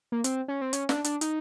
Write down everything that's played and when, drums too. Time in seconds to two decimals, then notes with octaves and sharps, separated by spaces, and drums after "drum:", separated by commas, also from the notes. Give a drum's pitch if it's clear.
0.12 A#3
0.24 C4, drum: hi-hat
0.48 C#4
0.61 C4
0.73 C#4, drum: hi-hat
0.89 D4, drum: snare
1.04 D4, drum: hi-hat
1.21 D#4, drum: hi-hat